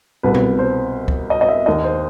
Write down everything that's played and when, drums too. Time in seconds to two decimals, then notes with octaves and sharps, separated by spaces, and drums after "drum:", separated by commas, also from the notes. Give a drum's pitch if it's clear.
0.23 C2 B2 B4
0.34 drum: tom
0.59 C5
1.08 drum: kick
1.30 D#5
1.41 D#5
1.48 E5
1.66 D#2 D#3 D#5
1.84 C5